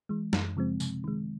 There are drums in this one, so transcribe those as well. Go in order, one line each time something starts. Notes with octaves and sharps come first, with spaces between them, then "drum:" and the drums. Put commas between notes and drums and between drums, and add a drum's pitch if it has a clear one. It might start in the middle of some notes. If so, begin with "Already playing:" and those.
E3 G#3
F#2, drum: snare
C#3 F3 G#3 C4
C3, drum: tambourine
D#3 G#3